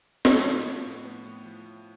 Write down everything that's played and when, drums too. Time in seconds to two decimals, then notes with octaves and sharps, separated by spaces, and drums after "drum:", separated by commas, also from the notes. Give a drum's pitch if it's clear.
0.25 A2, drum: snare
0.45 F3
0.65 B3
0.85 A2
1.05 B3
1.25 A2
1.45 F3
1.65 A2